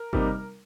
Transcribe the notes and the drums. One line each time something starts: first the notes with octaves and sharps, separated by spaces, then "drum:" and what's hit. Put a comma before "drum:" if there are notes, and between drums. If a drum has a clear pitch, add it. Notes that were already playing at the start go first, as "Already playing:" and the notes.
Already playing: A#4
C3 G3 A#3 D#4, drum: kick G#1